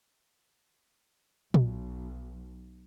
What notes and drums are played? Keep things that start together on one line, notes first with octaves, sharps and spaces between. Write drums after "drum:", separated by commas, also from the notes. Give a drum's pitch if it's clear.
B1, drum: tom A#2